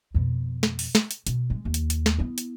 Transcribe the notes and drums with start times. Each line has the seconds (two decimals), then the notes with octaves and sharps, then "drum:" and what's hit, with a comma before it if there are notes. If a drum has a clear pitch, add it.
0.14 F2 B2
0.63 drum: snare
0.79 drum: open hi-hat
0.95 drum: snare
1.11 drum: hi-hat
1.27 B2, drum: hi-hat
1.50 G3 G#3
1.65 D#2
1.74 drum: hi-hat
1.90 drum: hi-hat
2.06 drum: snare
2.19 B3 E4
2.38 drum: hi-hat